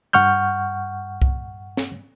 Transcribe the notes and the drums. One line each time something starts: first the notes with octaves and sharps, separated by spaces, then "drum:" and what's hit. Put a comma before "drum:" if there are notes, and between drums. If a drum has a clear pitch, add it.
G2 F#5 C#6 F6 G6
drum: kick C2
drum: snare